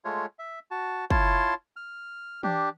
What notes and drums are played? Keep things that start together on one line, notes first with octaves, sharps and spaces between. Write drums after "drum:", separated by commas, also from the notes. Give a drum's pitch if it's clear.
G#3 A3 F4 C#5
E5
F#4 A5
E4 F4 C#5 A5 C6, drum: kick
F6
D4 G4, drum: tom E3